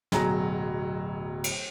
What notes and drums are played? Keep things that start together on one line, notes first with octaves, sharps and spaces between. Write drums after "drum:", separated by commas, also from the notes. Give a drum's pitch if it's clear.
D1 B2 F#3 G#4 A#5 A#6, drum: snare
drum: cymbal